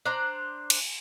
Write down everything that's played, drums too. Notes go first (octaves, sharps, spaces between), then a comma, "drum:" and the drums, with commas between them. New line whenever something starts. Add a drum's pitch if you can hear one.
D4 C5 A#5
drum: cymbal